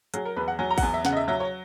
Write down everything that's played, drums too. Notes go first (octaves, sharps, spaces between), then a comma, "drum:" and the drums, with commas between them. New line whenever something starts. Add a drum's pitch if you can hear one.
F#3 G#4, drum: hi-hat
A#4
E2 B4
F#5
F#3 G#5
A#5
F#5, drum: kick A1, open hi-hat
E2 G#5
E5
C#3 F#5, drum: snare
D#5
E5
F#3 E5
C#5